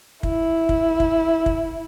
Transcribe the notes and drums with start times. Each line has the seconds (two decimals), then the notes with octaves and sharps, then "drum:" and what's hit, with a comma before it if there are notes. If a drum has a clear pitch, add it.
0.23 E4, drum: kick
0.69 drum: kick
1.00 drum: kick
1.46 drum: kick